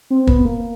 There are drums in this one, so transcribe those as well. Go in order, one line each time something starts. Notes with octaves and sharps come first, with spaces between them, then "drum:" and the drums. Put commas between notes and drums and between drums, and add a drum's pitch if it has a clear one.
C4
B3, drum: kick
A#3